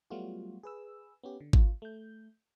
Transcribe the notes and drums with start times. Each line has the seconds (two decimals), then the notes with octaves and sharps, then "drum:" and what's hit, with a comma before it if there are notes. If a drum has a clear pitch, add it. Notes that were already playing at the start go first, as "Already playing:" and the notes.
0.10 F#3 G3 A3 B3 F4 F#4
0.63 G#4 B4 E6
1.23 B3 C#4 G4
1.40 D3
1.53 F4, drum: kick G#1
1.82 A3 G6